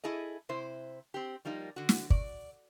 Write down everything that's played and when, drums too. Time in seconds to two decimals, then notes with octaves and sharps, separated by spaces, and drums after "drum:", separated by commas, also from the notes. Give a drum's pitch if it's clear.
0.04 E4 G#4 A4 D#5
0.49 C3 E4 C5
1.14 C4 G4
1.45 F3 G3 A#3 D#4
1.76 D3 F#4
1.89 drum: snare
2.10 D5, drum: kick